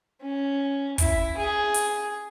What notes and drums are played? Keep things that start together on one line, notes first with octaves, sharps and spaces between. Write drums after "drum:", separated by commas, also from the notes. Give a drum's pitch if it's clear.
C#4
E4, drum: kick, hi-hat
G#4
drum: hi-hat